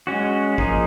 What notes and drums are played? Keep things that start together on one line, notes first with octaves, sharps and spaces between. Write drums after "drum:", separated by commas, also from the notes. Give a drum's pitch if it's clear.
G#3 C#4 F#4
F3 A#3 D#4 G#4, drum: kick